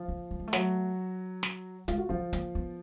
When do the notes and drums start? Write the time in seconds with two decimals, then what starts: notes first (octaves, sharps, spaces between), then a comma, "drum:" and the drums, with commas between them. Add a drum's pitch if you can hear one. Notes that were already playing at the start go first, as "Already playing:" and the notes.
Already playing: F3 F4
0.08 A#3
0.31 A3
0.40 G#3
0.48 A3
0.53 F#3 F#4, drum: snare
1.43 drum: snare
1.88 G#3 F4, drum: hi-hat
1.98 F#4
2.09 F3 B3 F4
2.33 A#3, drum: hi-hat
2.55 B3